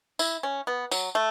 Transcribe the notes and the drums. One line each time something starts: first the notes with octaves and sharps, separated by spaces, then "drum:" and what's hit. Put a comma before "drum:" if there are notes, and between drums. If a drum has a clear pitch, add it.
E4, drum: tambourine
C#4
B3
F#3, drum: tambourine
A3